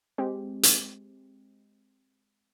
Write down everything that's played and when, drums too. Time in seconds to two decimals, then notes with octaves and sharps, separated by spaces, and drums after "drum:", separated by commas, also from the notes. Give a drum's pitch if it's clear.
0.18 G#3 C4 G4
0.63 drum: hi-hat